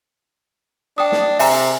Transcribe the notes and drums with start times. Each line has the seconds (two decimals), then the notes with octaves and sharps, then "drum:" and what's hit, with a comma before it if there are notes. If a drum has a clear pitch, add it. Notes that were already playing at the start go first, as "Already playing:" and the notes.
0.98 D4 G5 D#6
1.12 drum: snare
1.39 C3 E5 G#5 A#5, drum: open hi-hat